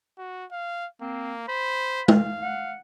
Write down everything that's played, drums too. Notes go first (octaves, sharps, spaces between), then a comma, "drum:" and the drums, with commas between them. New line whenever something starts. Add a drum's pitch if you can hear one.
F#4
F5
A#3 C4
C5 B5
F5, drum: tom G#3
F#5